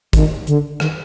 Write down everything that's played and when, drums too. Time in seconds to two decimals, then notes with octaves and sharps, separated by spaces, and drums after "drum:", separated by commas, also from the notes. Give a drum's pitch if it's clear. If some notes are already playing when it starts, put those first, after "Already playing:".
0.13 D#3, drum: kick G#1, hi-hat
0.47 D3, drum: hi-hat
0.80 D#3, drum: rim click